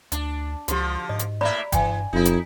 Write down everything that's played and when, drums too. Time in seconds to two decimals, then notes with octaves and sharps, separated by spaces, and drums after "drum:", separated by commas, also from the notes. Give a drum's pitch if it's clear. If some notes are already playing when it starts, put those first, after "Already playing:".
0.12 D2 D4, drum: hi-hat
0.68 C#2 D3 F3 F#4 G4, drum: hi-hat
1.09 G#2 D#5
1.19 drum: hi-hat
1.41 A2 A#3 D5 E5 A#5 B5
1.72 G2 E3 G5 G#5, drum: kick, hi-hat
2.13 D#1 F2 D#4 E4
2.25 drum: hi-hat